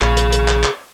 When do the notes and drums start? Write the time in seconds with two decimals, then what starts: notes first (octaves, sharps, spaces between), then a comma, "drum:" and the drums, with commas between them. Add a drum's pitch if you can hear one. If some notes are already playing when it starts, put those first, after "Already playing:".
0.01 A#1 G#4 F5, drum: clap
0.17 drum: hi-hat
0.32 drum: hi-hat
0.48 drum: clap
0.63 drum: clap